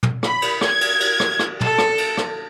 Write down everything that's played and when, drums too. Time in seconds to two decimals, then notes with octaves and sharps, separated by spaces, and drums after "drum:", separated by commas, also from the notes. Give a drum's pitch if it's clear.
0.03 drum: tom
0.23 B5, drum: rim click
0.42 drum: cymbal
0.61 G#6, drum: rim click
0.81 drum: cymbal
1.00 drum: cymbal
1.20 drum: rim click
1.39 drum: rim click
1.61 A4, drum: tom
1.78 drum: rim click
1.98 drum: cymbal
2.17 drum: rim click